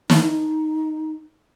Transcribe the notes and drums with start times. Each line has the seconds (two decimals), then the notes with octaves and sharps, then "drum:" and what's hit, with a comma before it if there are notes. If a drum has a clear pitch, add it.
0.10 D#4, drum: snare